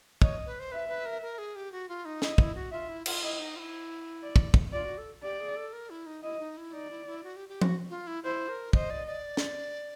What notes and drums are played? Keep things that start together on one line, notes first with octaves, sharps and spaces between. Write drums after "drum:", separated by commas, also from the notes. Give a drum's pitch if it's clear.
C#5 D#5, drum: kick
B4
C5
B4 E5
B4
A#4
A#4
G#4
G4
F#4
F4
D#4
E4 D#5, drum: snare
E4, drum: kick
F#4
F4 E5
E4
F4, drum: cymbal
E4 D#5
D#4
F4
E4
D5
drum: kick
drum: kick
F4 D5
F#4
A4
G4 D5
G#4
A4
A#4
E4
D#4
E4 D#5
D#4
E4
D#4 D5
E4
E4
F#4
G4
G4
F#4, drum: tom F3
F4
E4
E4 C5
A#4
C5 D#5, drum: kick
D5
D5
drum: snare